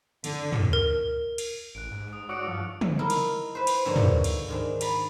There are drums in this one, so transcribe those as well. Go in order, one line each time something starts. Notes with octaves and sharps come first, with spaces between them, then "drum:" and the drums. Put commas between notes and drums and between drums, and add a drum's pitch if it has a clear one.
D3, drum: cymbal
drum: tom
A#4
drum: cymbal
A1 F#6 D7
G#2
D#6 D7
F#4 C#5 D5 E6 C#7 D7
G2 F3
drum: tom
D#4 E4 A#4
drum: cymbal
B4 C5
drum: cymbal
G#2 D3 F3 A#3 C#5 A#5
drum: tom
drum: cymbal
G#2 D#3 D4
D5 A#5 B5, drum: cymbal